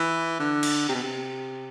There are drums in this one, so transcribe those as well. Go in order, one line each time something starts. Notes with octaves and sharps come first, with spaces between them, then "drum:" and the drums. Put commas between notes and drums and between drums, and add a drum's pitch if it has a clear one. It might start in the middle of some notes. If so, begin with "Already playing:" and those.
Already playing: E3
D3
drum: cymbal
C3
B2
C3